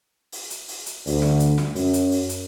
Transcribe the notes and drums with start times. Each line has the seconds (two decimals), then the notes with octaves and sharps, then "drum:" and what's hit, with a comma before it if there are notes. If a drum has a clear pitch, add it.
0.32 drum: open hi-hat
0.50 drum: hi-hat
0.68 drum: open hi-hat
0.86 drum: hi-hat
1.07 D2, drum: open hi-hat
1.22 drum: snare
1.40 drum: hi-hat
1.58 drum: snare
1.76 F#2, drum: open hi-hat
1.93 drum: hi-hat
2.11 drum: open hi-hat
2.29 drum: hi-hat